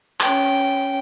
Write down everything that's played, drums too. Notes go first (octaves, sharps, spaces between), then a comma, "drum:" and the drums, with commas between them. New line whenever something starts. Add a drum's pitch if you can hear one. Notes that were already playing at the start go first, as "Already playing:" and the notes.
C#4 G5, drum: clap